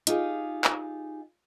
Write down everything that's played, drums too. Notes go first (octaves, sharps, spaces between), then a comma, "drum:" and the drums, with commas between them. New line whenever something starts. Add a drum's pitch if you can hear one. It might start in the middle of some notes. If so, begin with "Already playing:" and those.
D#4 F4 G4 G#4, drum: hi-hat
drum: clap